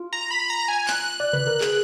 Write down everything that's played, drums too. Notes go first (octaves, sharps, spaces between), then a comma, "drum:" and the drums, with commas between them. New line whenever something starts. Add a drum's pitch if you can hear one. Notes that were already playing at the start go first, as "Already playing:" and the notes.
Already playing: F4
A#5
B5
A#5
G#5
F#6, drum: clap
D5
B4, drum: tom C3
A#4
G#4, drum: clap